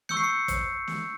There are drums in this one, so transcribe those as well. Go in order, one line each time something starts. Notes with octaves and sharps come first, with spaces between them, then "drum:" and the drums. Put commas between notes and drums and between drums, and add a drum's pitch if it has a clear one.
C#6 E6 G6 C#7, drum: snare
C7
C#7
drum: kick, hi-hat
drum: snare